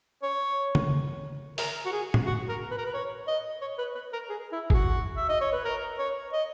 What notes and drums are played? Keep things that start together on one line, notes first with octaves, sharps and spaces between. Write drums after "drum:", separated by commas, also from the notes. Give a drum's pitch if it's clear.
C#5
drum: tom C#3
A#4, drum: open hi-hat
F#4
G#4
drum: tom A2
F#4
A#4
B4
A#4
B4
C#5
D#5
C#5
B4
B4
A#4
G#4
E4
G#4, drum: kick G1
F#4
E5
D#5
C#5
B4
A#4
C#5
D#5